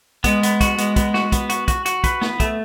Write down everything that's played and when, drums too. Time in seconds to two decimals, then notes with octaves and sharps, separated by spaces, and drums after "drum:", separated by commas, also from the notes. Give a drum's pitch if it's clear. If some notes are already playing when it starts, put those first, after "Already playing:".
0.24 G#3 B3, drum: kick, hi-hat
0.43 B3, drum: hi-hat
0.61 F#4, drum: kick, hi-hat
0.78 G#3 B3, drum: hi-hat
0.96 B3, drum: kick, hi-hat
1.14 F#4, drum: snare
1.32 B3, drum: kick, hi-hat
1.50 F#4, drum: hi-hat
1.68 F#4, drum: kick, hi-hat
1.86 F#4, drum: hi-hat
2.04 B4, drum: kick, hi-hat
2.21 B3, drum: snare
2.40 A3, drum: kick, hi-hat